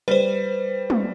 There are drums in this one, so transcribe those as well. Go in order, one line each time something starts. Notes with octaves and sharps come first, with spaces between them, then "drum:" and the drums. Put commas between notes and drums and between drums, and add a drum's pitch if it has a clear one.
G3 B4 C5
drum: tom